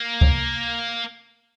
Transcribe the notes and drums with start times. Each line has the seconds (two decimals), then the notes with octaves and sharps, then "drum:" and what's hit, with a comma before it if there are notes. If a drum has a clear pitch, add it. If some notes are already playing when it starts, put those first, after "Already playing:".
Already playing: A#3
0.21 drum: kick C#2